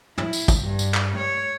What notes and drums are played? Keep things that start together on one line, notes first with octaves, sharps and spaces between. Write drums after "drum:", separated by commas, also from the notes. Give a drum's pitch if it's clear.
E4, drum: tom
drum: tambourine
drum: kick, tambourine
G2
drum: tambourine
drum: clap
C#5